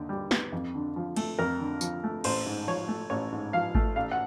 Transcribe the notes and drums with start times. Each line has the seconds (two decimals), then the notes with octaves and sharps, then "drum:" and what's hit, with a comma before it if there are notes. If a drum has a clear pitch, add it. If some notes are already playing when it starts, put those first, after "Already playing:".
Already playing: D#2 D3
0.09 G3
0.31 B3, drum: snare
0.52 F2
0.75 D3
0.96 F3
1.16 A3, drum: cymbal
1.39 F2 A#4
1.60 D3
1.81 F3, drum: tambourine
2.04 A3
2.24 A1 C5, drum: cymbal
2.46 G#2
2.67 F3 C#5
2.88 A3
3.10 A1 C#5
3.32 G#2
3.53 F3 F5
3.75 A3, drum: kick G#1
3.96 A1 F5
4.11 F#5